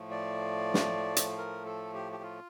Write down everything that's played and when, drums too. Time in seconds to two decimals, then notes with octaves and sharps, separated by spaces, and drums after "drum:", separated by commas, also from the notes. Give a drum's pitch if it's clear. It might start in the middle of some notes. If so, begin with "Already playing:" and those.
Already playing: A2 F3 A3
0.11 D5
0.74 drum: snare
1.16 drum: hi-hat
1.38 A#4
1.66 A4
1.94 G4
2.13 G4
2.23 F4